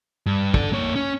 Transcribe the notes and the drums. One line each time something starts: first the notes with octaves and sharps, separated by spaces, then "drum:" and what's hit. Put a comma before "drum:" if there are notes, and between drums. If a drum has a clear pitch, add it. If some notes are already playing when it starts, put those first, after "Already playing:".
G2
A4 D5, drum: kick
A#3 C#5
C#4